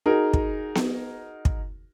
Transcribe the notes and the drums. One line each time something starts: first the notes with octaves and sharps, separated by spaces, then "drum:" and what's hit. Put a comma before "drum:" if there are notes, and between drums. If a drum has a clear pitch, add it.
D#4 F#4 G#4 A#4
drum: kick
drum: snare B3
drum: kick